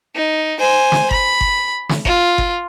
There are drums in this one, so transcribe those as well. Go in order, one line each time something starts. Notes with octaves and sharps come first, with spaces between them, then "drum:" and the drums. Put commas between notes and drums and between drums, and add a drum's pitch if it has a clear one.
D#4
C5 G#5
drum: snare
B5, drum: kick G1
drum: kick G1
drum: snare
F4, drum: kick G1
drum: kick G1